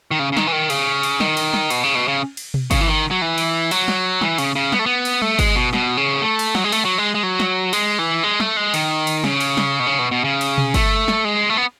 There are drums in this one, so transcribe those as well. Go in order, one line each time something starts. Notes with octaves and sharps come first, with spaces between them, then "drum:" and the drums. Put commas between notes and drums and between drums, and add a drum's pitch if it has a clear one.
D#3
C#3
C#3
D#3, drum: snare
E3
D#3
C#3, drum: cymbal
drum: cymbal
D#3, drum: snare
drum: cymbal
drum: snare
B2, drum: cymbal
C#3
B2
C#3
drum: cymbal
drum: tom B2
C#3, drum: kick G1, cymbal
E3
D#3
F#3
E3
drum: cymbal
F#3, drum: cymbal
drum: snare
E3, drum: snare
C#3, drum: cymbal
C#3
B3, drum: snare
A3
B3
drum: cymbal
A3, drum: tom G3
G#3, drum: kick G1, cymbal
B2
B2, drum: snare
C#3
A3
drum: cymbal
F#3, drum: snare
G#3
A3, drum: cymbal
F#3
G#3
G#3
F#3
drum: snare
G#3, drum: cymbal
E3
G#3
A3, drum: snare
G#3
D#3, drum: cymbal
drum: cymbal
C#3, drum: snare
drum: cymbal
drum: snare
B2
C#3
B2
B2
C#3
drum: cymbal
drum: tom B2
A3, drum: kick G1, cymbal
drum: snare
G#3
A3
B3